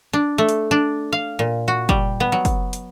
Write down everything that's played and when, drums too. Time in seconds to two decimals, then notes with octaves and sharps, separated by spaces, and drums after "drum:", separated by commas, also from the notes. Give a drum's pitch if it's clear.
0.13 D4
0.38 A3
0.49 drum: hi-hat
0.71 D4
1.13 F5
1.39 A#2
1.68 F#4
1.89 G3, drum: kick F#1
2.20 B3
2.32 F#3
2.45 drum: kick F#1, hi-hat
2.73 drum: hi-hat